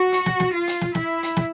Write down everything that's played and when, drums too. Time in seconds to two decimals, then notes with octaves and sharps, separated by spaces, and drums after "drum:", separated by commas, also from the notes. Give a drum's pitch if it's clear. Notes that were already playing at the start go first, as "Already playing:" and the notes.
Already playing: F#4
0.12 drum: hi-hat
0.26 drum: snare
0.40 drum: snare
0.54 F4
0.67 drum: hi-hat
0.81 drum: snare
0.95 E4, drum: snare
1.23 drum: hi-hat
1.37 drum: snare